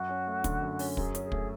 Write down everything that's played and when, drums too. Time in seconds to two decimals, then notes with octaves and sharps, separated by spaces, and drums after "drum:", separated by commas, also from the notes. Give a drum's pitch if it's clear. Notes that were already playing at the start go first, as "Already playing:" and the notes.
Already playing: F#2 F#4
0.09 C#4
0.27 A3
0.44 D3, drum: kick, hi-hat
0.62 F#2
0.79 C#4, drum: open hi-hat
0.97 F#2 G#4, drum: kick
1.15 C#4, drum: hi-hat
1.23 G#4
1.32 A3, drum: kick